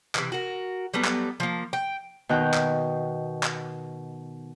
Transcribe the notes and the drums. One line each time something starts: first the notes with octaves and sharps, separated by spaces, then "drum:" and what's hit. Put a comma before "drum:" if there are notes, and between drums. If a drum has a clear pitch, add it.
C3 E3, drum: clap
F#4 A#4
F#3 G3 A3 B3
drum: clap
F3 A#3
G5
B2 D#3 G5 F#6 G6
drum: clap
drum: clap